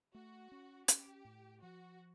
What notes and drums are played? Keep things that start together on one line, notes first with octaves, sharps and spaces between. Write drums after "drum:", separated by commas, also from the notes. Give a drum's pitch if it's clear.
A3 F#4
C#4
C#4 G4, drum: hi-hat
A2
F3 F#4